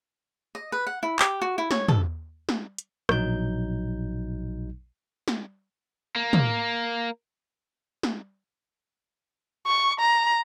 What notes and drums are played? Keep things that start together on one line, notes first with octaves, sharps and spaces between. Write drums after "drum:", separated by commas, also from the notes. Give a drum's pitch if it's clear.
D#5
B4
F#5
E4
G4, drum: clap
F#4
E4
C#5, drum: snare
A4, drum: tom
drum: snare
drum: hi-hat
A#1 B2 F#3 D#4 G6, drum: rim click
drum: snare
A#3
drum: tom
drum: snare
C#6
A#5